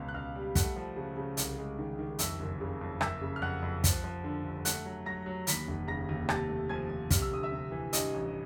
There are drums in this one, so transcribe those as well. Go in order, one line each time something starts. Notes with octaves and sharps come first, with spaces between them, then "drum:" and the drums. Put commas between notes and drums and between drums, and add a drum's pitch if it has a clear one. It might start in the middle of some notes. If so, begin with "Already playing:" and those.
Already playing: C#2 B2 F5
F#6
C#2 F5 F6
G3
A3 F#5 F#6, drum: kick, hi-hat
F3
C#3
C#3
C2, drum: hi-hat
G#3
D#3
D#3
F2 E5 E6, drum: hi-hat
F#1
C#3
F2
F#1 E5 E6, drum: rim click
C#3
F6
F2 F#5 F#6
F2
F3, drum: kick, hi-hat
F3
D3
G1
A3 F#5 F#6, drum: hi-hat
F#3
F#3 A#5 A#6
F#3
D#2 B5 B6, drum: hi-hat
F1
C#3 A#5 A#6
D#2
C3 A5 A6, drum: rim click
A3
F3 G#5 G#6
F3
C3 F6, drum: kick, hi-hat
E6
D2 D#6
E5 E6
C3
E3
G2 D#5 D#6, drum: hi-hat
A1